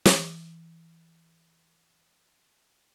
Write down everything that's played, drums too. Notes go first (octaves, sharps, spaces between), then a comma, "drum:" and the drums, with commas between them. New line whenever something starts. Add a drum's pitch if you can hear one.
E3 D6, drum: snare